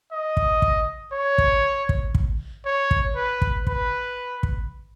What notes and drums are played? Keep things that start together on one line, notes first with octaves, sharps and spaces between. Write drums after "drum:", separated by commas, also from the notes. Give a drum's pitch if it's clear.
D#5
drum: kick
drum: kick
C#5
drum: kick
drum: kick
drum: kick
C#5
drum: kick
B4
drum: kick
B4, drum: kick
drum: kick